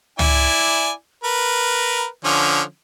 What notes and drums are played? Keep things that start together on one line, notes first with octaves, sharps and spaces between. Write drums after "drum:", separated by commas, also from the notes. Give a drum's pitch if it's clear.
E4 D5 G#5, drum: tom
A#4 B4
D3 F3 C#4